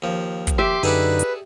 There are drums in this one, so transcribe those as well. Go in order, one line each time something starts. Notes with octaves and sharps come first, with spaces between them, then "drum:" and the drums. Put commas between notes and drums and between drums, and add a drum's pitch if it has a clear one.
D#2 F3
drum: kick, hi-hat
G4 E5 C6 D6
F#2 D3 D#4 G#4 A4 B4 D5, drum: open hi-hat
drum: hi-hat